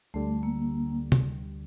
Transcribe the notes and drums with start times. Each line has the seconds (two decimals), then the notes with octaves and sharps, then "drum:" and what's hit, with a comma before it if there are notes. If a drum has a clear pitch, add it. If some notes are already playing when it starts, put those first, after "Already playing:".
0.14 D2 D3 G3 A3
0.43 A#3
1.12 drum: tom